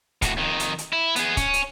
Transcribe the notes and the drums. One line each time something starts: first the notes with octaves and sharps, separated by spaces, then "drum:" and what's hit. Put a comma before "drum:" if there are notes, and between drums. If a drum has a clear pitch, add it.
A2 F#4, drum: kick C#1, hi-hat
F2 D#3
drum: hi-hat
drum: hi-hat
E4
B3 G#4, drum: hi-hat
C#4, drum: kick C#1, hi-hat
drum: hi-hat